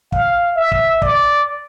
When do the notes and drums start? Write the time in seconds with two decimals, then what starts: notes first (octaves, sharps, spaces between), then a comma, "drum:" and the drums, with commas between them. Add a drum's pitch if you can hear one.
0.12 F5, drum: kick
0.56 E5
0.72 drum: kick
1.02 D5, drum: kick